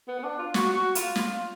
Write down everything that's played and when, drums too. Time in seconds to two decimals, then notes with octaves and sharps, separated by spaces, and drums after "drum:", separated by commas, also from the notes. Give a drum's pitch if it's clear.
0.08 B3
0.19 B3
0.24 D4
0.39 F4
0.54 F#4, drum: snare
0.75 F#4
0.95 F4, drum: hi-hat
1.16 F4, drum: snare